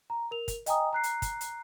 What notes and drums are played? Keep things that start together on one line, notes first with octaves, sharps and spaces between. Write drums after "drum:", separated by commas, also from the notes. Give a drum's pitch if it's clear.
A#5
A#4 F7
drum: kick, hi-hat
D#5 G5 G#5 A#5 D#6, drum: hi-hat
A#5 F#6 C7
drum: hi-hat
drum: kick, hi-hat
drum: hi-hat